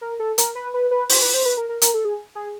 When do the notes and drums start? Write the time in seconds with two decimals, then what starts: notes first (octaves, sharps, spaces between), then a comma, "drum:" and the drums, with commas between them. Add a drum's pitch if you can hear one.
0.01 A#4
0.20 A4
0.38 A#4, drum: hi-hat
0.55 B4
0.74 B4
0.91 B4
1.10 C5, drum: open hi-hat
1.22 B4
1.34 C5
1.45 B4
1.57 A#4
1.69 A#4
1.82 A#4, drum: hi-hat
1.94 A4
2.05 G#4
2.35 G#4